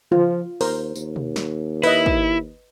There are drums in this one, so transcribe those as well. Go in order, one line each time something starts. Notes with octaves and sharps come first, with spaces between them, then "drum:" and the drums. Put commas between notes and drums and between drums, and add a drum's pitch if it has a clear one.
F3 F4, drum: tom C#3
D#2 A#4 C5, drum: open hi-hat
D#2, drum: tambourine
drum: tom B2
drum: snare
E4 B4 D#5, drum: open hi-hat
drum: kick